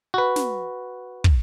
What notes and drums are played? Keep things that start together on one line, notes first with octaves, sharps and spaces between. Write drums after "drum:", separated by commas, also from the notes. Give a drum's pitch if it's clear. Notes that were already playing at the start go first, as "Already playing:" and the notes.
F#4 B4
drum: snare
drum: kick